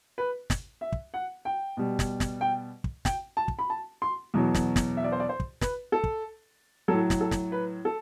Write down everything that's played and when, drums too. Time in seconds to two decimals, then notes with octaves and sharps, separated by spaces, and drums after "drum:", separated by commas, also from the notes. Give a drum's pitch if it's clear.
0.18 B4
0.50 drum: snare
0.81 E5
0.92 drum: kick
1.14 F#5
1.45 G5
1.77 B2 G3
1.99 drum: snare
2.20 drum: snare
2.41 G5
2.84 drum: kick
3.05 G5, drum: snare
3.37 A5
3.48 drum: kick
3.59 B5
3.70 A5
4.02 C6
4.34 E2 B2 F#3
4.54 drum: snare
4.76 drum: snare
4.97 E5
5.04 D5
5.12 C5
5.20 D5
5.29 C5
5.40 drum: kick
5.61 B4, drum: snare
5.92 A4
6.04 drum: kick
6.88 A2 F#3 A4
7.10 drum: snare
7.21 A4
7.31 drum: snare
7.52 B4
7.85 A4